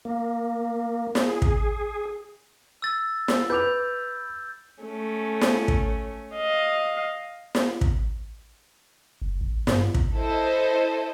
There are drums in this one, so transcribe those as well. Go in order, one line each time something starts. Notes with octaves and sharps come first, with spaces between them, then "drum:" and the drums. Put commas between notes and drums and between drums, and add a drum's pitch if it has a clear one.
A#3
drum: snare
G#4
drum: kick
E6 A6
drum: snare
B4 D6 G6 F7
A3 C#4
drum: snare
drum: kick
D#5 F5
drum: snare
drum: kick
F#1
A1
G2, drum: snare
drum: kick
E4 A4 C5 D#5